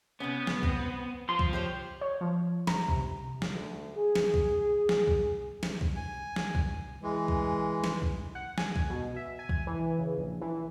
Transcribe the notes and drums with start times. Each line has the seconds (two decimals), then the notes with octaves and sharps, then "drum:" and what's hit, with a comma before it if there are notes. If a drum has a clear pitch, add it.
0.20 C3 B3 C#4
0.47 drum: snare
0.63 C4, drum: kick C2
1.29 F3 C6
1.39 drum: kick C2
1.53 G4 C5 C#5
2.01 C#5
2.21 F3
2.67 A#5, drum: snare
2.88 C3, drum: kick C2
3.42 drum: snare
3.51 D2
3.96 G#4
4.15 drum: snare
4.34 drum: kick C2
4.89 drum: snare
5.08 drum: kick C2
5.63 drum: snare
5.81 drum: kick C2
5.96 G#5
6.36 drum: snare
6.55 drum: kick C2
7.02 E3 G#3
7.28 drum: kick C2
7.84 drum: snare
8.02 drum: kick C2
8.35 F#5
8.58 G#5, drum: snare
8.76 drum: kick C2
8.90 B2
9.16 E5
9.39 G#5
9.49 drum: kick C2
9.67 E3
9.99 C#3
10.18 A#1
10.41 E3